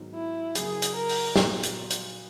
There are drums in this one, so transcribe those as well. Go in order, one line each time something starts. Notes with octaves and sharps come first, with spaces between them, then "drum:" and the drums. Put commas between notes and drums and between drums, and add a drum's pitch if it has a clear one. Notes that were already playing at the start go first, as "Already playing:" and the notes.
Already playing: G#2 D#3 F#3 B3 D#4
E4
F#2 C#3 F#3 A#3 G#4, drum: hi-hat
drum: hi-hat
A#4
drum: open hi-hat
A#2 F#3 B3 D#4, drum: snare
drum: hi-hat
drum: hi-hat